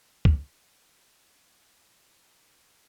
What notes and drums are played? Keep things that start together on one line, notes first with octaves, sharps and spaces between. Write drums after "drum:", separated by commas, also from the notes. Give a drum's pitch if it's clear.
drum: kick
F#5
C#6
B5
D#4